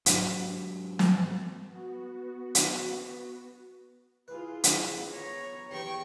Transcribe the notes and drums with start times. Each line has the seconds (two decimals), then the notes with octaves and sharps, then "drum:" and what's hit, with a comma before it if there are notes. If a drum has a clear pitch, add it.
0.06 G#2 F#3, drum: hi-hat
0.99 drum: snare
1.64 B3 F#4
2.55 drum: hi-hat
4.28 E4 F4 G#4 B4
4.64 drum: hi-hat
5.11 B3 C#5 A#5
5.71 E2 G4 G5 C#6